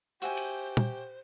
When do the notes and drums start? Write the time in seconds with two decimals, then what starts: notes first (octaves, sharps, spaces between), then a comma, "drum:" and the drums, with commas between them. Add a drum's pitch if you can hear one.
0.22 F#4 G4 C5 E5 G#5, drum: hi-hat
0.37 drum: cymbal
0.77 drum: tom